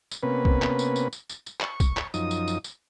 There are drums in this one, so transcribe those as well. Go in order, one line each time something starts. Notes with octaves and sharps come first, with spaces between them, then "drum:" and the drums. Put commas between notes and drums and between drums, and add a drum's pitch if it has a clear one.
drum: tambourine
C3 A#3 B3 C#4 B4
drum: kick
drum: clap
drum: tambourine
drum: tambourine
drum: tambourine
drum: tambourine
drum: tambourine
C#6, drum: clap
drum: kick, tambourine
drum: clap
F#2 F3 D#4 D#6, drum: tambourine
drum: tambourine
drum: tambourine
drum: tambourine